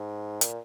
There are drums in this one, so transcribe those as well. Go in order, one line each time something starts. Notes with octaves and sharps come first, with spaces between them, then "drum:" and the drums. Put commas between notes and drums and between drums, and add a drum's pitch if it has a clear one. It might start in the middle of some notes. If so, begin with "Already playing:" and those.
Already playing: G#2
A#2, drum: hi-hat